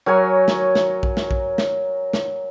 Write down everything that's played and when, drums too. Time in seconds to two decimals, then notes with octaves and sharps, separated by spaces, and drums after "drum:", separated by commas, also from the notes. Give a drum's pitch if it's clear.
0.06 F#3 A#4 C#5 G#5
0.48 drum: snare
0.75 drum: snare
1.03 drum: kick A#1
1.17 drum: snare
1.31 drum: kick A#1
1.58 drum: snare
2.13 drum: snare